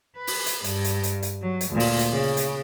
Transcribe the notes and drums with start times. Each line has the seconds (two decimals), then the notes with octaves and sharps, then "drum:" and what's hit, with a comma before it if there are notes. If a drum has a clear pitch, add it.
0.17 B4
0.27 drum: open hi-hat
0.46 drum: hi-hat
0.64 G2, drum: hi-hat
0.84 drum: hi-hat
1.03 drum: hi-hat
1.23 drum: hi-hat
1.42 F#3
1.61 drum: hi-hat
1.70 D2 A#2
1.80 drum: open hi-hat
1.99 drum: hi-hat
2.12 C#3
2.37 drum: hi-hat